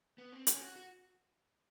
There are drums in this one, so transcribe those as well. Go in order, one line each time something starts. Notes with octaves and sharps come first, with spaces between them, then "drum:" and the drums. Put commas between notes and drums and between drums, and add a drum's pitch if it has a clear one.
B3
C4
C#4, drum: hi-hat
F#4
F#4